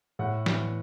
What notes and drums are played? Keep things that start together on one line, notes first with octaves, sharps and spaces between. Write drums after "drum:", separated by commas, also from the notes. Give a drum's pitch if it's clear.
A2 F#5
E3, drum: snare